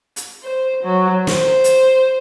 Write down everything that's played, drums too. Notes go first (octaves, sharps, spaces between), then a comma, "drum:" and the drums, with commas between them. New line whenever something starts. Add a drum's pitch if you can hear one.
drum: hi-hat
C5
F#3
C5, drum: snare
drum: hi-hat